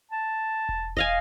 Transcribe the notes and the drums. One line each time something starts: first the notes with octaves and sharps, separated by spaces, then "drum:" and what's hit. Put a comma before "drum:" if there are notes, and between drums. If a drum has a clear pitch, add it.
A5
drum: kick E1
D#5 F5 G#5, drum: kick E1